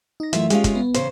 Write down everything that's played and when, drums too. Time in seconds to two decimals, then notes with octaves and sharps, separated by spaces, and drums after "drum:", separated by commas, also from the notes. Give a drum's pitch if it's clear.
0.20 D#4 A#6
0.33 F#2 E3 A3 F4 E5, drum: hi-hat
0.50 G#3 C#4 F4 G4 G#4, drum: hi-hat
0.64 drum: kick, hi-hat
0.75 B3
0.94 E2 C#3 C5, drum: hi-hat